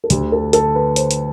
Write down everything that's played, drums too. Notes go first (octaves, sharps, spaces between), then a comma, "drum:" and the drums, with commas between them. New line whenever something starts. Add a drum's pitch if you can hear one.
A4
D2 D3 G4, drum: hi-hat
A4
A4, drum: hi-hat
B4
C5, drum: hi-hat
drum: hi-hat